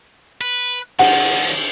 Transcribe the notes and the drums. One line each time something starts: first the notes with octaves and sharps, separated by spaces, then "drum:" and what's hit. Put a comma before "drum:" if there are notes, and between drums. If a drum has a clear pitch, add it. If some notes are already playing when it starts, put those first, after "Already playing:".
B4
D#3 F3 F#5, drum: cymbal